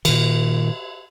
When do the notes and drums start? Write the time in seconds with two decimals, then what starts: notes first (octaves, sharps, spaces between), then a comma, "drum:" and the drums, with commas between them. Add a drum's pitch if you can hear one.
0.05 A#2 D#3, drum: cymbal